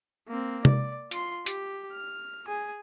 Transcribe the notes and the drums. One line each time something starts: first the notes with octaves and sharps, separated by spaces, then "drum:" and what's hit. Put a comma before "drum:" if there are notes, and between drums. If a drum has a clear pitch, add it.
A#3 C4
D5, drum: tom C3
F4 C6, drum: hi-hat
G4, drum: hi-hat
F6
G#4 G#5